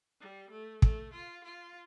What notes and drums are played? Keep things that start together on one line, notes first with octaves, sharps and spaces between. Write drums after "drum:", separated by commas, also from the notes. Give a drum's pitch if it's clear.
G3
A3
A3, drum: kick
F4
F4